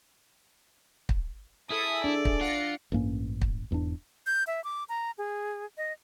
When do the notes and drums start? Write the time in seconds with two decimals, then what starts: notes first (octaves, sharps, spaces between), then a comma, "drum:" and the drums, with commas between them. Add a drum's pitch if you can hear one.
1.09 drum: kick
1.70 E4 G#4 A4 E5 D#6
2.04 D4 D5
2.25 drum: kick
2.41 F4 F#5 A#6 C#7
2.92 A1 G2 A#3 C#4
3.42 drum: kick
3.71 E1 E2 G#2 D4
4.26 G6
4.47 E5
4.64 D6
4.89 A#5
5.18 G#4
5.77 D#5